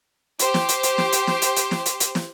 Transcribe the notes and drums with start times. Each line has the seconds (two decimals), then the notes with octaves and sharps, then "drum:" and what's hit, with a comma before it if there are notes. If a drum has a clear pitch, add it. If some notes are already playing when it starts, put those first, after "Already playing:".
0.39 G4 C5, drum: hi-hat
0.54 drum: snare
0.69 drum: hi-hat
0.83 drum: hi-hat
0.98 drum: snare
1.13 drum: hi-hat
1.27 drum: snare
1.42 drum: hi-hat
1.56 drum: hi-hat
1.71 drum: snare
1.86 drum: hi-hat
2.00 drum: hi-hat
2.15 drum: snare